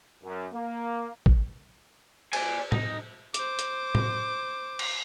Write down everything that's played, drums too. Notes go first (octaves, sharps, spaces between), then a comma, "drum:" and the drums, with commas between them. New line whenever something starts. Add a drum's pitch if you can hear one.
F#2
A#3
drum: kick
D5 G#5, drum: cymbal
D#4, drum: tom A2
C5 D6, drum: hi-hat
drum: hi-hat
drum: tom A2
drum: cymbal